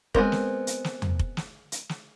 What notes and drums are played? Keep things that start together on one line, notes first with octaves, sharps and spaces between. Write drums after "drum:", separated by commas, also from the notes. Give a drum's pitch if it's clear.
G#3 B3 C4 A#4, drum: kick F1
drum: snare
drum: hi-hat
drum: snare
drum: tom E2
drum: kick F1
drum: snare
drum: hi-hat
drum: snare